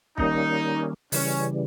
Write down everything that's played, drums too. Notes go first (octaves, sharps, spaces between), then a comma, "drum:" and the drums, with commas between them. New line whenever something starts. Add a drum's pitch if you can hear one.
D#3 G3 A#3 C#4 D#4, drum: kick
C#3 E3 G3 C#4, drum: open hi-hat